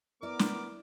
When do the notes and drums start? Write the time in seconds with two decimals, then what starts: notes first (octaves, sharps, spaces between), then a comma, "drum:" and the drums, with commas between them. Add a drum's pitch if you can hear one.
0.22 B3 E4 A#4 D5 D6
0.39 drum: snare